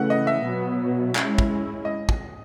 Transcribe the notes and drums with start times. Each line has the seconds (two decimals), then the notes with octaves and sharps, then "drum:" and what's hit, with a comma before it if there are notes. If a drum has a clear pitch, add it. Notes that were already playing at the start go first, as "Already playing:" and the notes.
Already playing: C#3 E3 A3 F#5
0.10 D#5
0.27 E5
0.44 B2 F#3 B3
1.15 G#3 C#4 E4, drum: clap
1.38 drum: kick
1.85 D#5
2.09 drum: kick